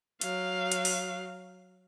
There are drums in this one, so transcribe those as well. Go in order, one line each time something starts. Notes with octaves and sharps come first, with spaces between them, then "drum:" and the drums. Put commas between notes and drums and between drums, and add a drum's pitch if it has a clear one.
F#3 F5, drum: hi-hat
drum: hi-hat
drum: open hi-hat